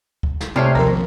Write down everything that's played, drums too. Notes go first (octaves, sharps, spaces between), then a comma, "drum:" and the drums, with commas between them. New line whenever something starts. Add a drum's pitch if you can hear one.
drum: kick
drum: snare
C3 A3 C#5 D5 D6 F6 C7
A#1 D#2 F3 A3 A#4 C5 A#5